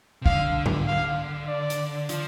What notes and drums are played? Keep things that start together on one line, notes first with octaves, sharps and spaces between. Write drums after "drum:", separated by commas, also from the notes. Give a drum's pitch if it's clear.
C3
D3 F5, drum: kick
drum: tom G#2
F5
D5
drum: hi-hat
F3, drum: hi-hat